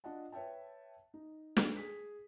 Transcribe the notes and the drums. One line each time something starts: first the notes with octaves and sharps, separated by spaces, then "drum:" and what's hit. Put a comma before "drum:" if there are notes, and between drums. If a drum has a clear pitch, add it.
D4 F4 D#5 F#5 A5
B4 C#5 E5 G5 A5
D#4
drum: snare
G#4 B6